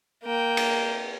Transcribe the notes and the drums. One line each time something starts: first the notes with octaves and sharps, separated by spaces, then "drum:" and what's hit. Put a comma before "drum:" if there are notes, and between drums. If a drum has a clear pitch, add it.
A#3 G5
drum: cymbal